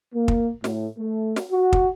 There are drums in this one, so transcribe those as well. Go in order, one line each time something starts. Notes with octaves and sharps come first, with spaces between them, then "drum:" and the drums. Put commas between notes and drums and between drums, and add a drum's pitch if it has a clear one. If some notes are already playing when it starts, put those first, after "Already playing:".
A#3
drum: kick
A2, drum: snare
A3
drum: snare
F#4
drum: kick